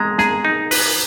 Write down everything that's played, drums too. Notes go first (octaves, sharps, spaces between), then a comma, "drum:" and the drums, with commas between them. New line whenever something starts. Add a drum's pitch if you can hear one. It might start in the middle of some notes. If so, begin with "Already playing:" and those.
Already playing: G#3 A#5
G#4 A#5, drum: snare
D#4
B4, drum: open hi-hat